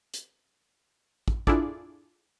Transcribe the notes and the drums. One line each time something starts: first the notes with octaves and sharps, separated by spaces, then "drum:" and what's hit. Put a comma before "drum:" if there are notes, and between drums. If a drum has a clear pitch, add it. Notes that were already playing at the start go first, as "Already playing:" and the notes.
drum: hi-hat
drum: kick
D4 E4 F4 G#4 A4 D5, drum: kick